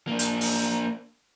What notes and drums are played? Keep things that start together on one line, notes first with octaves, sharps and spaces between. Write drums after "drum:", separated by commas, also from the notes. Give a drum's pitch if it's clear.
A#3 D4
drum: hi-hat
drum: open hi-hat